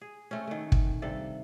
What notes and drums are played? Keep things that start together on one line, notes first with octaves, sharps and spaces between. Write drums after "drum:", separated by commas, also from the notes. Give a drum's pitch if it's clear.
G#4
A3 C4 C#4
D#3 A3
drum: kick
G2 C3 A4